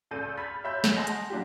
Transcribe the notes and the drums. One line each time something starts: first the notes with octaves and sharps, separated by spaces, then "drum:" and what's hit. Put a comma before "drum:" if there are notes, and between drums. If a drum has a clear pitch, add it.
C#2 G#4 A4 D5 G6 D#7
B5 F6 G#6 A6 B6
C#5 E5 B5 G6
drum: snare
D#5 F#5 G#5 A5 C6
drum: hi-hat
F#3 D4 F4 G4